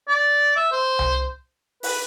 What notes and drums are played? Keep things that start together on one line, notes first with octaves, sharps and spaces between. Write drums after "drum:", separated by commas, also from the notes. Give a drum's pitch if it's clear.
D5
E5
C5
drum: tom C2
B4, drum: open hi-hat